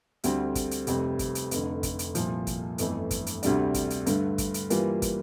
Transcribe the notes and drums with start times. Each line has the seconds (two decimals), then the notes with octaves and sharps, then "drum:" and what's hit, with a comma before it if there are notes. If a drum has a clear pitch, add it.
0.24 D2 D3 G3 C4, drum: hi-hat
0.55 drum: kick, hi-hat
0.71 drum: hi-hat
0.87 F1 F2 C3 G3 C4, drum: hi-hat
1.19 drum: kick, hi-hat
1.35 drum: hi-hat
1.51 F1 F2 D3, drum: hi-hat
1.83 drum: kick, hi-hat
1.99 drum: hi-hat
2.15 C2 A#2 F3, drum: hi-hat
2.47 drum: kick, hi-hat
2.78 G1 F2 E3 A3, drum: hi-hat
3.11 drum: kick, hi-hat
3.26 drum: hi-hat
3.43 D2 C3 G3 D4, drum: hi-hat
3.74 drum: kick, hi-hat
3.90 drum: hi-hat
4.06 G2 D3 A3, drum: hi-hat
4.38 drum: kick, hi-hat
4.54 drum: hi-hat
4.70 G2 E3 G3 A#3 F4, drum: hi-hat
5.02 drum: kick, hi-hat